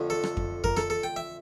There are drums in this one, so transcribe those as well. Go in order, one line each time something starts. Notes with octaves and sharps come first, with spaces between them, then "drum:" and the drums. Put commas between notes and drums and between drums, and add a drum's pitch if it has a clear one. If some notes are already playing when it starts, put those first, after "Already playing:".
Already playing: F2 D3 F3 A3
A4
drum: rim click
drum: kick F2
A#4, drum: kick F2
A4, drum: rim click
A4
G5
E5